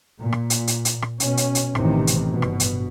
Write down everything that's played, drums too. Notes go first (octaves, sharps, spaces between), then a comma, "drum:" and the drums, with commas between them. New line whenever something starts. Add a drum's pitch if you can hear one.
A#2
drum: rim click
drum: hi-hat
drum: hi-hat
drum: hi-hat
drum: rim click
B2 C#4, drum: hi-hat
drum: hi-hat
drum: hi-hat
A1 A2 C3 D#3 E3, drum: rim click
drum: hi-hat
G1 B2
drum: rim click
drum: hi-hat